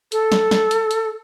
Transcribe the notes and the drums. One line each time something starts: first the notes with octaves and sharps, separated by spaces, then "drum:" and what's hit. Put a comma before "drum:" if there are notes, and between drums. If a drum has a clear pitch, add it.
A4, drum: hi-hat
drum: snare
drum: snare
drum: hi-hat
drum: hi-hat